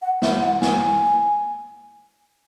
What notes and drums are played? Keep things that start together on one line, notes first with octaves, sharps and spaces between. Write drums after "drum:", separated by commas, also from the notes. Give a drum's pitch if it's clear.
F#5
E5, drum: snare
F#5
G#5, drum: snare